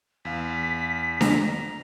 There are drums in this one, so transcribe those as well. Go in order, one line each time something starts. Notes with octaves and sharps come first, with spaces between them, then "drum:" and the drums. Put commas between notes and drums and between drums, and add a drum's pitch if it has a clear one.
E2 F5 B6
A#5, drum: snare D4